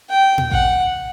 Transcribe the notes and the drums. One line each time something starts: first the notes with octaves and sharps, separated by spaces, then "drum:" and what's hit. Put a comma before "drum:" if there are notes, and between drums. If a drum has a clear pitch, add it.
G5
drum: tom A#2
F#5, drum: kick A1